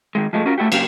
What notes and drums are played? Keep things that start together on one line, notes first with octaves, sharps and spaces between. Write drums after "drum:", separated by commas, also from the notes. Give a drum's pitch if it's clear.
D#3 G#3
F3 G#3 A3
C#4 F4 F#4 A#4
A3 E4 F#4 G4
C#3 F#3 A#3 G4, drum: cymbal